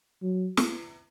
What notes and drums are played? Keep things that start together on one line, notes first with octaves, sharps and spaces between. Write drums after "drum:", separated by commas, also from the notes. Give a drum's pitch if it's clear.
F#3
drum: snare